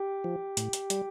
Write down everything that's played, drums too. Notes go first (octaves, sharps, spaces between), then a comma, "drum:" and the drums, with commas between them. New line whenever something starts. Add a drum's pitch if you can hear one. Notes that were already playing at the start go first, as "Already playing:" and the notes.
Already playing: G4
F3
A2, drum: hi-hat
drum: hi-hat
G3, drum: hi-hat